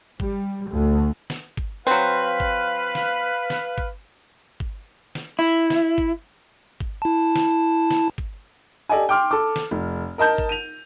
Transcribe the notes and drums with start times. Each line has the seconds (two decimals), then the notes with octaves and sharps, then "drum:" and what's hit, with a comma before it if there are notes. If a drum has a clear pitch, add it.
0.20 G3, drum: kick
0.69 D2
1.30 drum: snare
1.57 drum: kick
1.87 F#3 C4 B4 F5
2.40 drum: kick
2.95 drum: snare
3.50 drum: snare
3.78 drum: kick
4.60 drum: kick
5.15 drum: snare
5.39 E4
5.70 drum: snare
5.98 drum: kick
6.80 drum: kick
7.02 E4 A5
7.36 drum: snare
7.91 drum: snare
8.18 drum: kick
8.89 G4 A4 D5 D#5 G#5
9.09 G5 C6 D6 F6
9.31 A4 D6
9.56 drum: snare
9.71 F1
10.18 A#4 D#5 A5 G6
10.38 drum: kick
10.49 D#7 F7